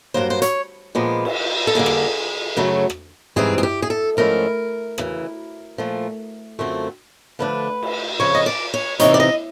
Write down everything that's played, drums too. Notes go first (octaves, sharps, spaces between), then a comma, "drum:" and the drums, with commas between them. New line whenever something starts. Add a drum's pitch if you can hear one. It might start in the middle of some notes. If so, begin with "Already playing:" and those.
G2 D#3 F#3 A#3 C5
C5
C#5, drum: hi-hat
A#2 F3 G#3 B3 D4
drum: cymbal
A4
D3 G3 A#3 G#4
drum: rim click
F#2 C#3 F#3 A3
drum: rim click
G#2 E3 G3 C4 G#4, drum: tom
G#4
G4
G#4
A4
G#2 F3 A3 C#4 E4 A#4
D2 C#3 E3, drum: rim click
A#2 F3 A3
F#2 D3 F3 A3 C4
D3 F3 A3 D4 B4
drum: cymbal
F2 C#3 F3 C#5
D#5
D5
C#5
C3 E3 G#3 C4 D#4 C#5, drum: hi-hat
D5
D#5